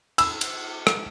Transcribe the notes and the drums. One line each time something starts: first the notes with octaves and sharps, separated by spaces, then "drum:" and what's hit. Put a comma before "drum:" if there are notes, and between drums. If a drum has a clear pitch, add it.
E6, drum: cymbal
drum: cymbal
drum: rim click